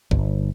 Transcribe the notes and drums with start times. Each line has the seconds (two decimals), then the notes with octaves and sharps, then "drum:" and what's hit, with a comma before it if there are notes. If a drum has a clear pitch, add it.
0.11 G1, drum: kick